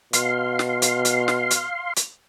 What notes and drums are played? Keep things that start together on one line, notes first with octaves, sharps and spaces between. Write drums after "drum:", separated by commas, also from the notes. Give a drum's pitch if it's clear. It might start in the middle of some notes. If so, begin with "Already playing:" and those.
B2 F5 C6, drum: hi-hat
drum: snare
drum: hi-hat
drum: hi-hat
drum: snare
drum: hi-hat
drum: hi-hat